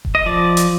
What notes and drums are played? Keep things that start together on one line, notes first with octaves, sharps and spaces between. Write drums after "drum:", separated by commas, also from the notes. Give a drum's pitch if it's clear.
drum: kick E1
D#5
F3 D5
drum: hi-hat